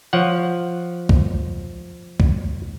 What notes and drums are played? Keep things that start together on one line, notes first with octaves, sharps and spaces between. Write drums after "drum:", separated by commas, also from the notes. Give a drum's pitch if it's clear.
F3 C#5 F#5
drum: kick
drum: kick